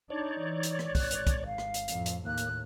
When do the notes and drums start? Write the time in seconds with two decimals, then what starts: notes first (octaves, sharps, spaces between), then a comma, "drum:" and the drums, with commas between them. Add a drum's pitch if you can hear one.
0.10 D4 D#4 C#5 D5
0.41 E3
0.63 drum: hi-hat
0.79 drum: rim click
0.95 G#1 F#6, drum: kick, open hi-hat
1.11 drum: hi-hat
1.27 drum: kick, hi-hat
1.46 F5
1.58 drum: rim click
1.74 drum: hi-hat
1.88 F2 A2, drum: hi-hat
2.06 drum: hi-hat
2.26 D#2 A2 A#3 F#6
2.38 drum: hi-hat